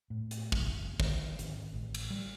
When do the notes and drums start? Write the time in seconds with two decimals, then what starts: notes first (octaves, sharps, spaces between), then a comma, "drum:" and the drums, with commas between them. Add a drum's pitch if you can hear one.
0.10 A2
0.31 drum: hi-hat
0.52 drum: kick
0.66 F#1
1.00 D#3, drum: kick
1.39 G#1, drum: hi-hat
1.74 A1
1.94 drum: cymbal
2.10 G3